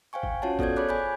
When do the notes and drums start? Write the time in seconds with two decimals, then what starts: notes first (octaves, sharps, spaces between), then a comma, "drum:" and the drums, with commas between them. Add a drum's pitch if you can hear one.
0.13 C5 F5 G5 G#5 C#6
0.23 drum: kick G1
0.42 C#4 F4 F#4 C#5 F#5 A5
0.59 B3 A4 C5 D5 G6 G#6, drum: kick G1
0.76 G#4 C#5 B5 D6 F#6
0.89 G#5 B5 G6